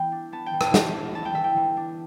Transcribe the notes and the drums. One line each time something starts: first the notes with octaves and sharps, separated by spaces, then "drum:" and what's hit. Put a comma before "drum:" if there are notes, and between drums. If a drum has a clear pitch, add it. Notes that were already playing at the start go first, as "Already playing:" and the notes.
Already playing: E3 B3 G5
D4
B3 A5
G5
E3
A5, drum: rim click
E3, drum: snare
D4
B3 A5
G5
E3 E5
G5
E3
D4